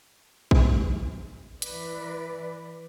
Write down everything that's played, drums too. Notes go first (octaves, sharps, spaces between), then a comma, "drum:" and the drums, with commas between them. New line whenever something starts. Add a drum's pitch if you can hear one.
drum: kick A1
E3 B4 D5, drum: hi-hat